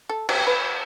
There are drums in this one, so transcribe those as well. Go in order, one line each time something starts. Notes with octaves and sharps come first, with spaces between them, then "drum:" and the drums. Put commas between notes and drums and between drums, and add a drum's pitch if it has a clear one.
A4
G4, drum: cymbal
B4